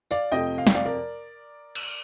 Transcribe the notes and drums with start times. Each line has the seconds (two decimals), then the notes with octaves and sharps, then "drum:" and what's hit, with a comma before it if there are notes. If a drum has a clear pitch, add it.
0.11 D5 F5, drum: tambourine
0.32 F2 C3 F3 A3 D#5 G5
0.58 F5
0.67 G5, drum: snare
0.75 D5 F5
0.86 A#4 D5
1.75 drum: cymbal